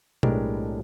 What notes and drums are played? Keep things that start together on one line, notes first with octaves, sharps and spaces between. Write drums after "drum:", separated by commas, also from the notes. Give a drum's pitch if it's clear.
B1 A2 G#3 D4 G4 A#4, drum: tom